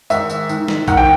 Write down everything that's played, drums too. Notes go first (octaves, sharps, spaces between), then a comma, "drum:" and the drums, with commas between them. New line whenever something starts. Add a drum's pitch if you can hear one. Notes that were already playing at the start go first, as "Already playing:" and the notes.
G#2 D#3 E5, drum: tambourine
drum: tambourine
G#2 D#3, drum: tambourine
drum: snare
G#2 D#3 F#5, drum: kick, tambourine
G5